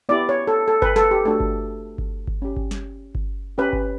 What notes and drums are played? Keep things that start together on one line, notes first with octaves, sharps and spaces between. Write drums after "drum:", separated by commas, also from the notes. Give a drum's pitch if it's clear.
B3 E4 G4 D5
C#5
A4
A4
B4, drum: kick G1
A4, drum: snare
G4
A3 D4 F#4 A4
drum: kick G1
drum: kick G1
drum: kick G1
C#4 G4
drum: kick G1
drum: snare
drum: kick G1
C#4 G4 B4
drum: kick G1